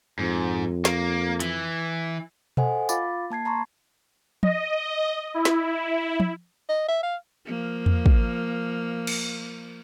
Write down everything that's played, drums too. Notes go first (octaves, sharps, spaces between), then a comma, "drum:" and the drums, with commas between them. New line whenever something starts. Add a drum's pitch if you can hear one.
F2 G#2
A#3, drum: snare
E3, drum: hi-hat
A4 C5 D#5 F#5 G#5, drum: tom B2
F4 F5 B5 D6 A6, drum: tambourine
A#3 A5 G#6 C7
A5 A#5 C6 C#6
D#5, drum: tom
E4
drum: snare
drum: tom
D#5
E5
F5
F3 A#3
drum: tom E2
drum: kick
drum: cymbal